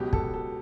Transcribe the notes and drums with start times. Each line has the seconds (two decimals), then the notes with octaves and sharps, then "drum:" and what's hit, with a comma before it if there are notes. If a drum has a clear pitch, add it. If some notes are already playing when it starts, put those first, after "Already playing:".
Already playing: C#2 B2 F#3 G4
0.13 A4, drum: kick
0.34 A4